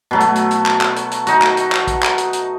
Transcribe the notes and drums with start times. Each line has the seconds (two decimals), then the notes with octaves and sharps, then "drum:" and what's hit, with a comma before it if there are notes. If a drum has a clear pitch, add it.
0.11 B2 F#3 A3
0.20 drum: hi-hat
0.35 drum: hi-hat
0.51 drum: hi-hat
0.66 drum: clap
0.81 drum: clap
0.96 drum: hi-hat
1.11 drum: hi-hat
1.27 D#4 F#4, drum: hi-hat
1.42 drum: clap
1.57 drum: hi-hat
1.72 drum: clap
1.87 drum: kick, hi-hat
2.03 drum: clap
2.18 drum: hi-hat
2.33 drum: hi-hat